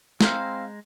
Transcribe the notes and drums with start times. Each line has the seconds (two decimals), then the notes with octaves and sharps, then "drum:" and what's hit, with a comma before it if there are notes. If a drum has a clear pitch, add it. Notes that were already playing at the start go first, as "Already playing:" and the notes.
0.21 G#3 C4 E4 C5 F5 A#5 G6, drum: snare